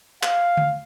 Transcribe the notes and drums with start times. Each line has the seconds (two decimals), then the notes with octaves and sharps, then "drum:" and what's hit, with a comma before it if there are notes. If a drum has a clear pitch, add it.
0.23 F5, drum: clap
0.57 drum: tom D3